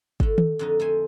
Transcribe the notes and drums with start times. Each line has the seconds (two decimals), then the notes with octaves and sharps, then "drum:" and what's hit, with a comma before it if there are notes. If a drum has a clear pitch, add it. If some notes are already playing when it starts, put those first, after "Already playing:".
0.20 D3 A3, drum: kick
0.38 drum: tom D#3
0.59 F2 D3 D#4
0.80 A3 C5 G#5